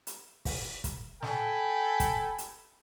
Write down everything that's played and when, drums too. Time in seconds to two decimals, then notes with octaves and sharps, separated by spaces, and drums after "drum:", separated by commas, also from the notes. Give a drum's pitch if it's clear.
0.07 drum: hi-hat
0.45 drum: kick, open hi-hat
0.84 drum: kick, hi-hat
1.23 A4 G5 G#5 B5, drum: snare
2.00 drum: kick, hi-hat
2.38 drum: hi-hat